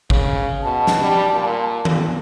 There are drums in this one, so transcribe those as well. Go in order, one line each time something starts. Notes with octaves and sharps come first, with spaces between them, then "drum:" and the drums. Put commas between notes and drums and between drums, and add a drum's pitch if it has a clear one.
C#3, drum: kick
B2 A5
drum: snare
G3
A#2
G2, drum: tom D#3